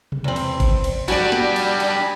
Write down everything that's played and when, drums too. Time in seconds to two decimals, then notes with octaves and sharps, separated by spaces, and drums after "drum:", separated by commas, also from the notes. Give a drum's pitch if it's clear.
0.12 drum: tom B2
0.24 E2 C4
0.36 drum: cymbal
0.60 drum: kick, cymbal
0.84 drum: cymbal
1.08 G3 D4 F#4 D5 G#5 B5, drum: cymbal
1.32 drum: snare
1.56 drum: cymbal
1.80 drum: cymbal